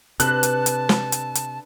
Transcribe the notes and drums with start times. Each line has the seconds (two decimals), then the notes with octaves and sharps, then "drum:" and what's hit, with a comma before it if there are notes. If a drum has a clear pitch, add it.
0.20 C3 D4 A4 B4 A5 F#6, drum: hi-hat
0.43 drum: hi-hat
0.66 drum: hi-hat
0.89 drum: snare
1.12 drum: hi-hat
1.35 drum: hi-hat